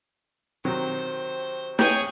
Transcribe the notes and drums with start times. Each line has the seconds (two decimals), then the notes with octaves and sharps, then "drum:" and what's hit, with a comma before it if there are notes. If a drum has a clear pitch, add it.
0.65 C3 D#3 F#3 C5
1.79 G#4 C#5 G5, drum: snare